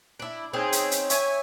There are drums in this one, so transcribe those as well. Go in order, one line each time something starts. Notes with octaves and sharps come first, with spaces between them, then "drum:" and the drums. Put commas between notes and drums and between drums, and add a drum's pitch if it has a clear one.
D4 E4
C4 C#4 D#4 G#4
drum: hi-hat
drum: hi-hat
C#5 E5 G#5, drum: hi-hat